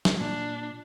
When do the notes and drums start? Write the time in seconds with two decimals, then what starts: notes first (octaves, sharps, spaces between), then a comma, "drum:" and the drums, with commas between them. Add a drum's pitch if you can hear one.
0.05 drum: snare
0.20 A#2 D4